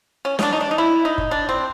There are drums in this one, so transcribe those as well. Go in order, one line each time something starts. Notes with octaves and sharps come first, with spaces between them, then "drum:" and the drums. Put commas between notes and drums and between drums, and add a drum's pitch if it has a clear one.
C#4
D#4, drum: snare
D4
D#4
D4
D#4
E4
D#4
drum: kick F#1
D4
C4